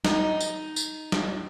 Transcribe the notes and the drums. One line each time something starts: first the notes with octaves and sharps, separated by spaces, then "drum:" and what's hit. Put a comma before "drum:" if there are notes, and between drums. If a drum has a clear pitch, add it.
D#4, drum: snare
drum: tambourine
drum: tambourine
drum: snare